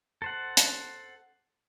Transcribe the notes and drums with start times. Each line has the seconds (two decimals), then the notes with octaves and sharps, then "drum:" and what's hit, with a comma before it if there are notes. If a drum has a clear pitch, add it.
0.22 A4 C5 F#5
0.57 drum: hi-hat